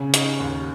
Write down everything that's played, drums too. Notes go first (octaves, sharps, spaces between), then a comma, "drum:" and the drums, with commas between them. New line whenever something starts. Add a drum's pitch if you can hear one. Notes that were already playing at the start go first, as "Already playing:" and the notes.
Already playing: C#3 C#4
D#4, drum: hi-hat
D#2